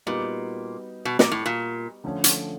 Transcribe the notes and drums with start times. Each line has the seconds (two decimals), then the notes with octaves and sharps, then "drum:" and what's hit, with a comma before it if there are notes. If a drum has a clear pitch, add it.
0.06 A#2 G3 B3 D#4 F#4
1.05 B2
1.19 A#2, drum: snare
1.31 A2
1.46 A#2
2.04 D3 F3 A3 C#4
2.24 drum: hi-hat